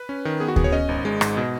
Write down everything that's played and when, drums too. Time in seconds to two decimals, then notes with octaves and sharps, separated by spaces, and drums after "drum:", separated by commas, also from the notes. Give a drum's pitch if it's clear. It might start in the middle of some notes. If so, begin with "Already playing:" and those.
Already playing: B4
0.09 C#4
0.25 D#3
0.40 B3 G#4
0.48 F#4
0.56 B3 G#4, drum: kick D2
0.64 C#5
0.72 C#4 D#5
0.89 G#1
1.05 G#3
1.21 G#2, drum: rim click
1.37 B2